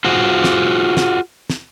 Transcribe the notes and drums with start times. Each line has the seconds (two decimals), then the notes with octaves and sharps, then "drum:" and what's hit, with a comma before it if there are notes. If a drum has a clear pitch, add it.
0.05 F4 F#4 G#4 C5
0.44 drum: snare
0.97 drum: snare
1.50 drum: snare